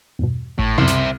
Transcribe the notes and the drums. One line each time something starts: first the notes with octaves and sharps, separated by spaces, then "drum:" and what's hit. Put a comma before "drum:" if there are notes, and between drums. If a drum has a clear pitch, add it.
E2 G2 B2
A2, drum: kick G#1
C2 F#2 E3 C5 E5
drum: snare